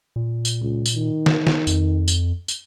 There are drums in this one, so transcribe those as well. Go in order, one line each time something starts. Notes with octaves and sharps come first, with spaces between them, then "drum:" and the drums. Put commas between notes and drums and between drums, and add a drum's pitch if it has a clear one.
A#2
drum: tambourine
C#2
drum: tambourine
D#3
drum: snare
drum: snare
F2, drum: tambourine
drum: tambourine
drum: tambourine